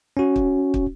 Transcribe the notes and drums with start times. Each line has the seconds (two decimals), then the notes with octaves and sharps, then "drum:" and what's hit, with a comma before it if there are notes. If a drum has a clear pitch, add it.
0.17 C#4 F#4
0.36 drum: kick
0.74 drum: kick